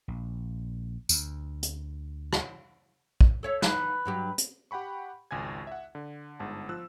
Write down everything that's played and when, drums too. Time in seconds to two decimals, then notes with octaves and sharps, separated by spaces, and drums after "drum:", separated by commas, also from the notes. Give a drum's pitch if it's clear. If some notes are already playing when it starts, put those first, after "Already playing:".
0.08 A#1
1.09 D2, drum: tambourine
1.63 drum: hi-hat
2.33 drum: rim click
3.21 drum: kick A#1
3.43 A4 C#5 E5
3.62 B3 D#4 B4, drum: snare
4.05 G2 F#3 G4
4.38 drum: hi-hat
4.71 G4 F#5 G5 B5 C#6
5.31 G#1 C#2 G#5 G#6
5.67 E5 F#5
5.95 D3
6.40 G1 G#2 A5
6.69 F3 E6 F#6